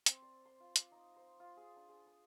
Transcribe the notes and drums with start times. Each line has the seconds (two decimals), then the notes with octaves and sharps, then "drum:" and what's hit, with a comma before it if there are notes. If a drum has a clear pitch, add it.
0.06 C4, drum: hi-hat
0.22 D5
0.46 C6
0.60 F4
0.76 D6, drum: hi-hat
0.92 D#4
1.16 C5
1.40 F4
1.57 G#4
1.76 D4
1.89 G#4
2.06 D#6